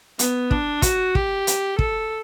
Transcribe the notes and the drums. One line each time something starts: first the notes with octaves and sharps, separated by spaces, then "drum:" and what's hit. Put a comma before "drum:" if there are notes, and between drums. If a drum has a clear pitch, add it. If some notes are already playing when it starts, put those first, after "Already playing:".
B3, drum: hi-hat
D4, drum: kick
F#4, drum: kick, hi-hat
G4, drum: kick
drum: hi-hat
A4, drum: kick